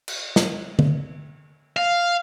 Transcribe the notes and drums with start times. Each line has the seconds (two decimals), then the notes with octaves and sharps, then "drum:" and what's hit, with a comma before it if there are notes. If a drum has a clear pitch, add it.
0.08 drum: cymbal
0.36 drum: snare
0.79 drum: tom D3
1.77 F5